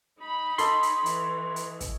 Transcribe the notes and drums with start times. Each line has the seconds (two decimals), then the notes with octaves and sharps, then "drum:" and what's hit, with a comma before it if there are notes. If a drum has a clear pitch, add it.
0.20 D#4 B5
0.58 A4 C#5 D#5 C6, drum: hi-hat
0.83 drum: hi-hat
1.06 E3, drum: hi-hat
1.56 drum: hi-hat
1.80 drum: kick, hi-hat